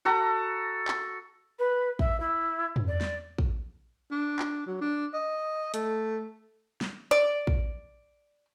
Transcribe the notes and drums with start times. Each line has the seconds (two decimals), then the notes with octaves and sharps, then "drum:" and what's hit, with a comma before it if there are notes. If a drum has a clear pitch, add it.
0.05 F#4 A4 A#5
0.88 drum: clap
1.59 B4
1.99 E5, drum: kick
2.20 E4
2.76 drum: tom
2.88 D5
3.01 drum: snare
3.38 drum: kick
4.11 D4
4.39 drum: clap
4.66 F#3
4.81 D4
5.14 D#5
5.74 A3, drum: hi-hat
6.81 drum: snare
7.11 D5
7.47 drum: kick